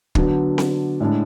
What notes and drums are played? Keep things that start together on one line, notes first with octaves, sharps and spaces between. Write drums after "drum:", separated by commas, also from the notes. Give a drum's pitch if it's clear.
D3 F#3 B3 D4, drum: kick
drum: snare C4
A2 G#3 D4